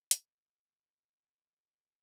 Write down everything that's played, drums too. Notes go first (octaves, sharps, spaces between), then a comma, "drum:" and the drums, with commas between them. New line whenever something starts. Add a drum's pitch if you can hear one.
A3 G4, drum: hi-hat